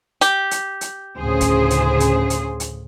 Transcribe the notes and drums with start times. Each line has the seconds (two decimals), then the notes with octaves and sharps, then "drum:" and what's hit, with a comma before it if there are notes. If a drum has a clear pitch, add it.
0.21 G4, drum: hi-hat
0.51 drum: hi-hat
0.81 drum: hi-hat
1.17 D2 A2 C#3 G#4 C5
1.41 drum: kick, hi-hat
1.70 drum: hi-hat
2.00 drum: hi-hat
2.30 drum: hi-hat
2.60 drum: hi-hat